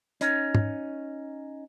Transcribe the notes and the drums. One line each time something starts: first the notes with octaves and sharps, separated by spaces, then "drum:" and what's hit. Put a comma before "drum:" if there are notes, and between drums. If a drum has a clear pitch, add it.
C#4 D#4, drum: hi-hat
drum: tom G#2